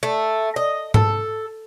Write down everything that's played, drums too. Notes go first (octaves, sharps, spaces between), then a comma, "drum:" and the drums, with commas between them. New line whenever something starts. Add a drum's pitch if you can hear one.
A3
D#5
A4, drum: tom G#2